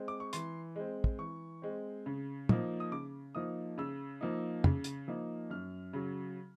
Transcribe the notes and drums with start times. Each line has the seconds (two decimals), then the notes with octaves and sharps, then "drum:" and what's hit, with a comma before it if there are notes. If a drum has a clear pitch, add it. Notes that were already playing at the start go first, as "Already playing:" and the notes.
Already playing: G#3 C4
0.08 D6
0.20 C#6
0.33 E3 C6, drum: hi-hat
0.76 G#3 C4
1.04 drum: kick
1.19 E3 C#6
1.62 G#3 C4
2.06 C#3
2.49 F3 A#3 D#4, drum: tom
2.80 D#6
2.91 C#3 D6
3.35 F3 A#3 D#4 D#6
3.78 C#3 E6
4.21 F3 A#3 D#4
4.64 C#3, drum: tom
4.84 drum: hi-hat
5.08 F3 A#3 D#4
5.50 F#2 F6
5.93 C#3 F#3